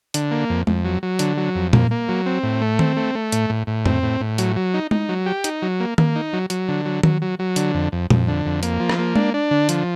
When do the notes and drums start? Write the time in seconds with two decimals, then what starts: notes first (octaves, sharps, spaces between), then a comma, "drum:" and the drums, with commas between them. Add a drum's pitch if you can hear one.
0.14 D3, drum: hi-hat
0.31 A#3
0.50 F2
0.67 F2, drum: tom G#3
0.85 F#3
1.03 F#3
1.19 D3, drum: hi-hat
1.37 F#3
1.55 F2
1.73 A#3, drum: tom A#2
1.91 A#3
2.08 F#3
2.26 C4
2.43 A2
2.62 A3
2.79 C4, drum: tom D#3
2.97 A3
3.15 A3
3.32 A2, drum: hi-hat
3.50 A2
3.67 A2
3.86 C4, drum: tom F2
4.03 A2
4.21 A2
4.38 F#3, drum: hi-hat
4.56 F#3
4.74 D#4
4.91 D#4, drum: tom G#3
5.09 F#3
5.26 G4
5.44 D#4, drum: hi-hat
5.62 F#3
5.80 A#3
5.98 A#3, drum: tom D#3
6.16 D#4
6.33 F#3
6.50 F#3, drum: hi-hat
6.68 D3
6.85 F#3
7.03 F#3, drum: tom D#3
7.22 F#3
7.39 F#3
7.56 D3, drum: hi-hat
7.74 F2
7.92 F2
8.10 F2, drum: tom A#2
8.28 D3
8.46 F2
8.63 A#3, drum: hi-hat
8.80 F3
8.89 drum: rim click
8.99 A#3
9.16 D4, drum: tom G#3
9.34 D4
9.51 D3
9.69 F3, drum: hi-hat